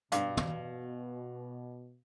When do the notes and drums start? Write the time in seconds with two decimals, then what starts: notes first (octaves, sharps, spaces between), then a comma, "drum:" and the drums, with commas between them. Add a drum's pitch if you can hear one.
0.12 G2 B2 F5, drum: hi-hat
0.37 drum: tom